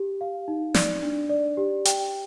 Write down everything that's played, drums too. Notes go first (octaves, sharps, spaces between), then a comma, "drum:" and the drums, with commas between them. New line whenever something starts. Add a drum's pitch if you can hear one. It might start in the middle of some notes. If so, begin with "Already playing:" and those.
Already playing: G4
F5
D#4
D5, drum: snare
D4
D5
G4
G5, drum: hi-hat